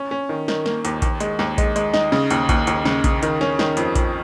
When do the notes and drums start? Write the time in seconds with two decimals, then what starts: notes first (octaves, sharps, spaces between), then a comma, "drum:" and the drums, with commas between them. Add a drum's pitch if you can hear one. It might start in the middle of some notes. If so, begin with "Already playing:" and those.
Already playing: C#4
0.11 C#4
0.29 D#3
0.48 D#3, drum: snare
0.66 A#3, drum: snare
0.85 D#2, drum: hi-hat
1.02 D#2, drum: kick A#1, hi-hat
1.20 G#3, drum: hi-hat
1.39 D#2, drum: snare
1.58 G#3, drum: kick A#1, hi-hat
1.76 G#3, drum: hi-hat
1.94 D#4, drum: snare
2.12 C#3, drum: snare
2.30 D#2, drum: hi-hat
2.49 D#2, drum: kick A#1, hi-hat
2.67 D#2, drum: hi-hat
2.85 C#3, drum: snare
3.04 C#3, drum: kick A#1, hi-hat
3.23 D#3, drum: hi-hat
3.41 C#4, drum: snare
3.59 D#3, drum: snare
3.77 F2, drum: hi-hat
3.95 F2, drum: kick A#1, hi-hat